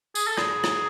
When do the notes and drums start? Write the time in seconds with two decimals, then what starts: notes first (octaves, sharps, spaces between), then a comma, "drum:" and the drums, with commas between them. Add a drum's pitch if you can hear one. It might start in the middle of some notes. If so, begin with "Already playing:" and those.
0.15 G#4, drum: tambourine
0.27 A4
0.37 G#4, drum: rim click
0.64 drum: rim click